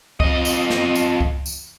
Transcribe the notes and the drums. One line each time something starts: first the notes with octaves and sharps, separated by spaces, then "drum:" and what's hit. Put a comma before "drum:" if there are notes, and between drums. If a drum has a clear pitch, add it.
F2 D#5, drum: kick C#2
drum: tambourine
drum: snare
drum: tambourine
drum: kick C#2
drum: tambourine